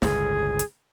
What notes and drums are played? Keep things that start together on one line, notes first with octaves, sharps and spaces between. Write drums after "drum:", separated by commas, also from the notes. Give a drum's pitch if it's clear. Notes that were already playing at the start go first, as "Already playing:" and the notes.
G1 C#2 A2 G#4, drum: snare
drum: hi-hat